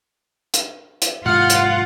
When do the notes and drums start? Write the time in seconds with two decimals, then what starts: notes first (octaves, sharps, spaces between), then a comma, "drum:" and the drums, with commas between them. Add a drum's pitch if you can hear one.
0.54 drum: hi-hat
1.02 drum: hi-hat
1.26 G#2 C3 E3 F4 F#5 F6
1.50 drum: hi-hat